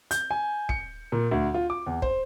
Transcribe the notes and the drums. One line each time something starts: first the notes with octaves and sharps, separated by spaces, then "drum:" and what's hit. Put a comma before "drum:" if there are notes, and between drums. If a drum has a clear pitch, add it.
G6, drum: hi-hat
G#5
C#7, drum: kick
A#2
D2
F4
D6
E2
C5, drum: kick